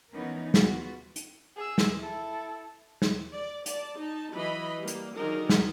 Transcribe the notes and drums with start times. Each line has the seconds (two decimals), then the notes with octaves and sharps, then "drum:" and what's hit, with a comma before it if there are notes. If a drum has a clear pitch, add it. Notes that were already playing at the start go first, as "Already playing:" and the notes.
0.13 E3 B3 C#4 D#4 A#4
0.54 B3 F4 F#4, drum: snare
1.16 drum: hi-hat
1.56 G#4 E6
1.78 drum: snare
1.99 E4 A4
3.02 drum: snare
3.33 D5
3.66 D5 A5, drum: hi-hat
3.98 D#4 A5
4.35 E3 F#3 D#5 B5
4.78 G3 A#3
4.88 drum: hi-hat
5.15 D3 D#3 F#3 D#4 G#4 A#4
5.49 drum: snare